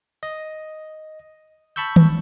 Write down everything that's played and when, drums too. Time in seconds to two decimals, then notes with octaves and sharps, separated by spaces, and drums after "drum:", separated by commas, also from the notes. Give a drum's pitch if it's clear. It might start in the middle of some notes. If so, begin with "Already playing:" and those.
0.23 D#5
1.76 A5 B5 C#6 E6 G6
1.96 drum: tom D#3